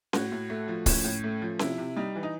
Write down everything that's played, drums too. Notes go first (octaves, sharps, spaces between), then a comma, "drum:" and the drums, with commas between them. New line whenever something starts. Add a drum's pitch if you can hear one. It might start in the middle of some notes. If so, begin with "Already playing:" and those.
A2 F#4, drum: snare C#4
A2
A3
F3
A2 C#4, drum: kick, open hi-hat
A2
A3
F3
C3 E4, drum: snare C#4
C3
G3 D#4
E3
D#4